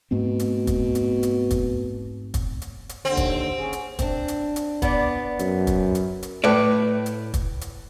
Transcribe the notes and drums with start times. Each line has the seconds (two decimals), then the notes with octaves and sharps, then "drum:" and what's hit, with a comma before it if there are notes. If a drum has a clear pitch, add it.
0.11 G#2 B2 A3 C4
0.39 drum: hi-hat
0.67 drum: kick, hi-hat
0.95 drum: hi-hat
1.23 drum: hi-hat
1.51 drum: kick, hi-hat
2.34 drum: kick, hi-hat
2.62 drum: hi-hat
2.89 drum: hi-hat
3.05 D#2 D3 C4
3.17 drum: kick, hi-hat
3.58 C#4 G#4
3.73 drum: hi-hat
3.99 C4 D4, drum: kick, hi-hat
4.28 drum: hi-hat
4.56 drum: hi-hat
4.82 B3 D5, drum: kick, hi-hat
5.39 F#2, drum: hi-hat
5.67 drum: kick, hi-hat
5.95 drum: hi-hat
6.23 drum: hi-hat
6.44 A2 B4 D5
7.06 drum: hi-hat
7.34 drum: kick, hi-hat
7.61 drum: hi-hat